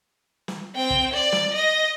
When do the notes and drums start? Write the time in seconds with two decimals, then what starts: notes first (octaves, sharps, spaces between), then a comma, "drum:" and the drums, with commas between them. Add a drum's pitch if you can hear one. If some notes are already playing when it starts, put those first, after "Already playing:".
0.48 drum: snare
0.76 C4 G5
0.90 drum: kick
1.13 D5
1.32 drum: snare
1.54 D#5